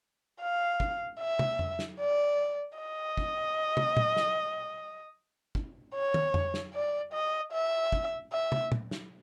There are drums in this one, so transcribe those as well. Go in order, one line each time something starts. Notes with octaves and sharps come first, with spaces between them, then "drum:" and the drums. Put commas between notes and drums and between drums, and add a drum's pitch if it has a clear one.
F5
drum: kick
E5
drum: tom
drum: tom F2
drum: snare
D5
D#5
drum: kick
drum: tom
drum: tom
drum: snare
drum: kick
C#5
drum: tom
drum: tom F2
drum: snare
D5
D#5
E5
drum: kick
E5
drum: tom
drum: tom
drum: snare